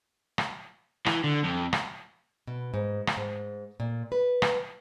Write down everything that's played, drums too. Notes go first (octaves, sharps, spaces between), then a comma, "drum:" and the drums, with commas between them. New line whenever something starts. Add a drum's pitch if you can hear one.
drum: rim click
E3, drum: rim click
D3
F2
drum: rim click
B2
G#2
drum: rim click
G#2
A#2
B4
drum: rim click